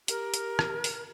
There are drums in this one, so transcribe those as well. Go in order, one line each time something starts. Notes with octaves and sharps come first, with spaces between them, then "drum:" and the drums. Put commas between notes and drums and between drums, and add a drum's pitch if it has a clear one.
G4 A#4, drum: hi-hat
drum: hi-hat
drum: rim click
drum: open hi-hat